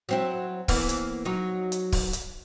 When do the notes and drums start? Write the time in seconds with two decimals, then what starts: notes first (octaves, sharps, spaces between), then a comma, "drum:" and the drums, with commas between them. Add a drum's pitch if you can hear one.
0.09 F#3 C4 E4
0.68 E3 A#3 B3, drum: kick C#1, open hi-hat
0.89 drum: hi-hat
1.25 F#3 D#4
1.72 drum: hi-hat
1.92 drum: kick C#1, open hi-hat
2.13 drum: hi-hat